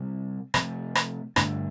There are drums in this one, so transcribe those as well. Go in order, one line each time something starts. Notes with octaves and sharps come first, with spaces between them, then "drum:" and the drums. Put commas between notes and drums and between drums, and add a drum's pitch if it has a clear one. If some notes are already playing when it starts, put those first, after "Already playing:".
Already playing: C3 G3 C4
C3 F3 A3, drum: rim click
drum: rim click
G2 D3 A3 D4, drum: rim click